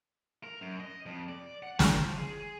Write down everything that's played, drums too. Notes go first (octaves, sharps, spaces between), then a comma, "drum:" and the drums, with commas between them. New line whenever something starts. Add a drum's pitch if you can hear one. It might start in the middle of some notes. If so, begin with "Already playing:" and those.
A#4
F#2
D#5
F2
D5
F#5
C6, drum: snare
F3
G#4